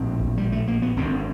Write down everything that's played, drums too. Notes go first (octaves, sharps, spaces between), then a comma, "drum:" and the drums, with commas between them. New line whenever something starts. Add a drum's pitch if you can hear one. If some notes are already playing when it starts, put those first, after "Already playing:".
Already playing: A#1 A2 C4
drum: kick A1
G3
A3
A#3
B3
G#1 F#2 D3 C4
C4